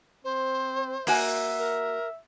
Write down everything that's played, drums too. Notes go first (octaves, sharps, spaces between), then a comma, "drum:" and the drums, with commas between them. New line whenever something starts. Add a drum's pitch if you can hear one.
C4 C5
A#3 F#4 E5 G#5, drum: open hi-hat
A#4